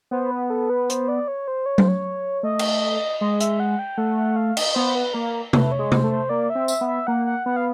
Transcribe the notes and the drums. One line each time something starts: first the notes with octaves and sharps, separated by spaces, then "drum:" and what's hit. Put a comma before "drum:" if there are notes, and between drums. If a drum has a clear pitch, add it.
B3 C5
B4
A4
B4
C5, drum: hi-hat
D5
C#5
C5
C#5
C5, drum: tom F#3
C#5
A3 D#5
drum: cymbal
G#3 D#5
E5, drum: hi-hat
F#5
G5
A3 F#5
F#5
F5
D#5, drum: cymbal
B3 C5
B4
A#3 A#4
A3 B4, drum: tom C3
C#5
G#3
C5, drum: tom C3
A3
C5
A#3 D5
E5
C4
E5, drum: tambourine
B3
E5
A#3 F#5
F#5
B3 F#5
F5